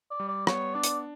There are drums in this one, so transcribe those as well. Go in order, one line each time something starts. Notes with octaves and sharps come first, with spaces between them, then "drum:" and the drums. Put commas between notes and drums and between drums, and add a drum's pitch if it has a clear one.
D5
G3
D5
B3 C#5, drum: rim click
D4 D5
drum: hi-hat